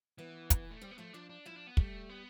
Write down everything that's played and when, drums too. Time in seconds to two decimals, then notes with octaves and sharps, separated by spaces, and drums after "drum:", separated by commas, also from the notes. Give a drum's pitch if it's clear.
0.18 E3 B3 B4
0.50 drum: kick, hi-hat
0.71 A3
0.82 G3 C4 C5
0.91 B3
0.98 F3 A3 F4
1.13 F3 D4 F4
1.29 D4
1.46 F3 E4 F4
1.56 D4
1.67 B3
1.77 G3 A3 G4, drum: kick
2.09 B3